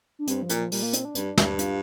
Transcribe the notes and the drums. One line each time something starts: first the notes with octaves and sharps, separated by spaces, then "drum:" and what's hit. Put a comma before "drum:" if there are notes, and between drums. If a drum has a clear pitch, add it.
D4
G2 C4, drum: hi-hat
F3
A#2, drum: hi-hat
F3
A#2 G3, drum: open hi-hat
A#3
C4, drum: hi-hat
D4
G2, drum: hi-hat
G2, drum: snare
F4, drum: hi-hat